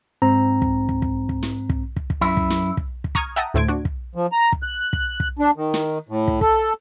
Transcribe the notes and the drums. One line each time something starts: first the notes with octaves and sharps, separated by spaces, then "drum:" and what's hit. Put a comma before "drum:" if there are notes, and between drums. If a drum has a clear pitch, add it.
G#2 C4 A#5
drum: kick
drum: kick
drum: kick
drum: kick
drum: snare
drum: kick
drum: kick
drum: kick
F#2 E4
drum: kick
drum: snare
drum: kick
drum: kick
A#5 C#6 D#6 F6 G#6, drum: kick
E5 F#5 G5 A5 A#5 D#6
D2 A2 A3 C5 G#6 D7
D4 F#4
drum: kick
F3
A#5
drum: kick
F#6
drum: kick
drum: kick
D4
D#3
drum: snare
A2
drum: kick
A4, drum: kick